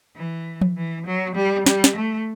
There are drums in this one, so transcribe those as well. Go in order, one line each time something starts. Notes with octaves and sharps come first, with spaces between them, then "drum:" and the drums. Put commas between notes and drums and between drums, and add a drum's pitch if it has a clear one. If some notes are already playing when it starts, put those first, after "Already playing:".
E3
drum: tom F3
E3
F#3
G3
G3, drum: snare
drum: snare
A3